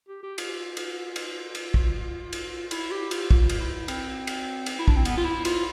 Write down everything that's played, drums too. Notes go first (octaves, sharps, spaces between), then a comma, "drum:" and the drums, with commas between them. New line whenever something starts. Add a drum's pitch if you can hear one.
G4
G4
F4, drum: cymbal
drum: cymbal
drum: cymbal
drum: cymbal
drum: kick
drum: cymbal
E4, drum: cymbal
G4
F4, drum: cymbal
F4, drum: kick
drum: cymbal
E4
C4, drum: cymbal
drum: cymbal
drum: cymbal
E4
D4, drum: kick
C4
B3, drum: cymbal
F4
E4
F4, drum: cymbal